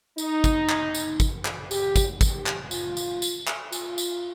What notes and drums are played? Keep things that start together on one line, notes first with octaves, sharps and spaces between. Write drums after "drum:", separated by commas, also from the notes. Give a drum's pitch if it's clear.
D#4, drum: tambourine
drum: kick, tambourine
drum: clap
drum: tambourine
drum: kick, tambourine
drum: clap
G4, drum: tambourine
drum: kick, tambourine
G4, drum: kick, tambourine
drum: clap
F4, drum: tambourine
drum: tambourine
drum: tambourine
drum: clap
F4, drum: tambourine
drum: tambourine